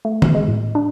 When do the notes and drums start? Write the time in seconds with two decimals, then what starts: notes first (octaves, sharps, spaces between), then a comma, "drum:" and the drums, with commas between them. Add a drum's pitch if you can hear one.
0.05 A3
0.22 drum: tom
0.35 G#3
0.48 A2
0.75 D4